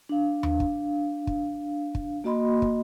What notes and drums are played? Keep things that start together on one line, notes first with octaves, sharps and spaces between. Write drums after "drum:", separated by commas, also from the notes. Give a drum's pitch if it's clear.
D4 F5
drum: tom D#2
drum: kick
drum: kick
drum: kick
A#3 F#4 D#5 B5 C6
drum: kick